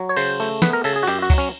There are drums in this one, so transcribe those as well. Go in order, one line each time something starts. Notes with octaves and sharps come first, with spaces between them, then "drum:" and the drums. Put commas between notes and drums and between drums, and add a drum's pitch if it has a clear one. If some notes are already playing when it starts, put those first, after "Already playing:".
Already playing: F#3
C#5
C#3 C5, drum: cymbal
A3, drum: cymbal
B3 B4, drum: snare
A#4
C#3 A4, drum: cymbal
G#4
F#4
F#2 G4, drum: cymbal
F#4
F#3, drum: kick, cymbal
C#4